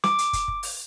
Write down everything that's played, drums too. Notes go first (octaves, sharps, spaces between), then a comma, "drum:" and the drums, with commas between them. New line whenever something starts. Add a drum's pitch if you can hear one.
D6, drum: snare
drum: hi-hat
drum: kick, hi-hat
drum: kick
drum: open hi-hat